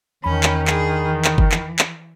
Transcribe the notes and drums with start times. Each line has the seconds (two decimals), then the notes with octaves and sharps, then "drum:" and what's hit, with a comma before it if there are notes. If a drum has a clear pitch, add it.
0.24 E2 D#3 C#4 B5
0.43 drum: clap
0.67 D3 G#4, drum: clap
1.11 E3
1.24 drum: clap
1.38 drum: kick F#1
1.52 drum: clap
1.79 drum: clap